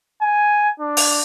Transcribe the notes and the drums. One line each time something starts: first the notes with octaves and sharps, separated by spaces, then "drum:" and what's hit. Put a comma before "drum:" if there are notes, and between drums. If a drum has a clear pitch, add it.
G#5
D4
drum: open hi-hat